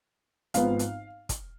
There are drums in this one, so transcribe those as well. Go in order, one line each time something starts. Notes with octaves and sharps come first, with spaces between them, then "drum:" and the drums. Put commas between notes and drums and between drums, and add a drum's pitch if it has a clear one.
G#1 G#2 F3 B3 F5, drum: hi-hat
drum: hi-hat
drum: kick, hi-hat